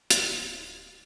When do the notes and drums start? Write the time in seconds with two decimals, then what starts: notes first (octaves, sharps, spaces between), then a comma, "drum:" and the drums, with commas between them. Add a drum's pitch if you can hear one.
0.11 D1 D#4, drum: hi-hat